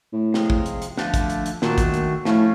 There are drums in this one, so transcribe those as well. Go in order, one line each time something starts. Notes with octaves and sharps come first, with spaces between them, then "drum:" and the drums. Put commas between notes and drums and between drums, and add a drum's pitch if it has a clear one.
A2
C3 F3 G#3, drum: snare
drum: kick
drum: hi-hat
drum: hi-hat
D3 F3 A3 D4, drum: snare
drum: kick, hi-hat
drum: hi-hat
drum: hi-hat
A#2 D#3 F#3 A3 D4 F#4, drum: snare
drum: kick, hi-hat
drum: hi-hat
A2 F3 A3 C#4, drum: snare